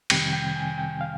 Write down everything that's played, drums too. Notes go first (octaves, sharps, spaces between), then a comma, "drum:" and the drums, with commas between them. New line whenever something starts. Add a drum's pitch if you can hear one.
F2 C3 D#3 G3 C4 G5, drum: cymbal
G5
G#5
G5
F5